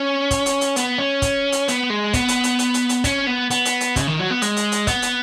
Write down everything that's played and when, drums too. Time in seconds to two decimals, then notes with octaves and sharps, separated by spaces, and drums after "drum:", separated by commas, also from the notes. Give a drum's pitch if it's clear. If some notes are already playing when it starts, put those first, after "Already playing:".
Already playing: C#4
0.31 drum: kick, hi-hat
0.46 drum: hi-hat
0.61 drum: hi-hat
0.76 B3, drum: hi-hat
0.98 C#4
1.22 drum: kick, hi-hat
1.52 drum: hi-hat
1.68 B3, drum: hi-hat
1.90 G#3
2.13 B3, drum: kick, hi-hat
2.28 drum: hi-hat
2.44 drum: hi-hat
2.59 drum: hi-hat
2.74 drum: hi-hat
2.89 drum: hi-hat
3.04 C#4, drum: kick, hi-hat
3.27 B3
3.50 B3, drum: hi-hat
3.65 drum: hi-hat
3.81 drum: hi-hat
3.96 C#3, drum: kick, hi-hat
4.07 D#3
4.19 F#3
4.30 B3
4.42 G#3, drum: hi-hat
4.57 drum: hi-hat
4.72 drum: hi-hat
4.87 B3, drum: kick, hi-hat
5.02 drum: hi-hat